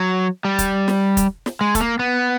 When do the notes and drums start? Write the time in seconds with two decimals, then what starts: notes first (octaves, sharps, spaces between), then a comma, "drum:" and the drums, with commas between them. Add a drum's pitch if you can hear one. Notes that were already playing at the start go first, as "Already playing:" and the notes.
Already playing: F#3
0.45 G3
0.59 drum: kick, hi-hat
0.88 drum: snare
1.17 drum: kick, hi-hat
1.46 drum: snare
1.61 G#3
1.75 A3, drum: kick, hi-hat
1.81 A#3
1.99 B3